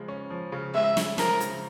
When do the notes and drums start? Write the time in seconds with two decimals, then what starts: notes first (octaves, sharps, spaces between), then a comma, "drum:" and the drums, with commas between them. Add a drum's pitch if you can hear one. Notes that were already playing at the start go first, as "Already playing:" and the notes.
Already playing: C#3 F3 G#3
0.08 C#4
0.30 F3
0.52 C#3
0.74 G#3 E5
0.97 C#4, drum: snare
1.18 F3 A#4, drum: snare
1.40 C#3, drum: hi-hat